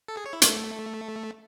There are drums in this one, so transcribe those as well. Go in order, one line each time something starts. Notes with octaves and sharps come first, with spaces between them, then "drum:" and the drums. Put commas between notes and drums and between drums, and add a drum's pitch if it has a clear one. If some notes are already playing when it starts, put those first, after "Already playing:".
A4
G#4
C#5
E4
A3, drum: hi-hat